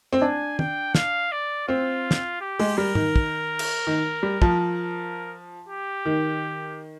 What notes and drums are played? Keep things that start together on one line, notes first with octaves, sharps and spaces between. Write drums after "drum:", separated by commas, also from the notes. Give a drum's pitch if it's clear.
C4
D4 G#5
G5, drum: tom
F5, drum: snare
D5
C4 F4
drum: snare
G4
G#3, drum: open hi-hat
G3 A#4
D#3, drum: tom G#2
drum: kick
drum: cymbal
D#3
G3
F3, drum: kick
A#4
G4
D#3